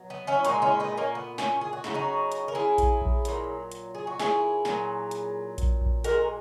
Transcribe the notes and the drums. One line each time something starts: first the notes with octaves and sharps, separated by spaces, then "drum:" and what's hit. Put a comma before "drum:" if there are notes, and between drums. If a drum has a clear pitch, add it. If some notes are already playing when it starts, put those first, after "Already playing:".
Already playing: B2 F#3
B3
C#4 E4
A#2 G#3 D#4 F#4, drum: hi-hat
C#4 E4
B3 D#4
A#3 C#4
B3
C#4 E4, drum: snare
G#4
F#4
C#3 F#3 E4, drum: snare
D#4 F#4
drum: hi-hat
A#4
E4 G#4
drum: kick A#1, hi-hat
drum: kick A#1
A#2 F#3, drum: hi-hat
drum: hi-hat
G#4
F#4
E4 G#4, drum: snare
A#2 F#3, drum: snare
drum: hi-hat
drum: kick A#1, hi-hat
drum: kick A#1
A#2 G#3 F#4 A#4, drum: hi-hat